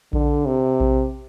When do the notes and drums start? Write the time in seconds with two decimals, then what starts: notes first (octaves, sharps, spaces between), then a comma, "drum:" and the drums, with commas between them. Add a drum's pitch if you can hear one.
0.13 D3, drum: kick A#1
0.46 C3
0.80 drum: kick A#1